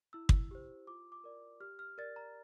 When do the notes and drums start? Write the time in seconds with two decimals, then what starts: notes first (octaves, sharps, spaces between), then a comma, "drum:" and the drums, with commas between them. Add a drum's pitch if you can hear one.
0.13 E4 E6
0.29 drum: kick
0.51 G4 C5
0.87 F4 D6
1.12 D6
1.24 A#4 D5
1.61 G4 F6
1.79 F6
1.98 A#4 D5 A6
2.16 A#5